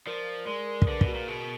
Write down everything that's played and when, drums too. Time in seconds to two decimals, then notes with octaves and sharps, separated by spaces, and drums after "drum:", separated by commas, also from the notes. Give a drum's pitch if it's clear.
0.06 F3 A#4 D5
0.47 G#3 A#4 D5
0.67 A#4 D5
0.82 D5, drum: kick
0.87 D3 G#4 B4
1.01 B2, drum: kick
1.08 F#4 A#4
1.14 A#2
1.28 B2 G#4
1.37 A#4